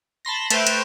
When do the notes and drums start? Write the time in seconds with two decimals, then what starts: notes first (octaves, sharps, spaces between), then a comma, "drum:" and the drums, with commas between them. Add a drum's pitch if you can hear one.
0.25 A5 B5 C6 A#6
0.50 A3 B4 C5 G5, drum: cymbal
0.67 drum: cymbal